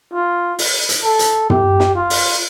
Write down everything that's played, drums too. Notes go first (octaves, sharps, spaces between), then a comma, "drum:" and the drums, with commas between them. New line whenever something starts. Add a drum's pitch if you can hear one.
F4
drum: open hi-hat
drum: hi-hat
A4
drum: hi-hat
G4, drum: tom
drum: snare
F4
drum: open hi-hat